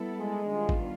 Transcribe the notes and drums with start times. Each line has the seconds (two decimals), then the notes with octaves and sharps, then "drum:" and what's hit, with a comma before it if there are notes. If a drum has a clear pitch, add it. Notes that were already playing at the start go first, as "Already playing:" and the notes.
Already playing: G3 B3 E4 A4
0.19 G#3
0.47 D#3 G3 B3 D4 F4
0.69 drum: kick